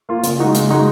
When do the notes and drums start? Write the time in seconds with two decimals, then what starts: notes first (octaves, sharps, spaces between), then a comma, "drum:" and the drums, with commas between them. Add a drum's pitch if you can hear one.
0.09 A#3 F4
0.23 C#3, drum: hi-hat
0.39 G#3 D#4 F#4
0.54 C#3, drum: hi-hat
0.70 G#3 D#4 F#4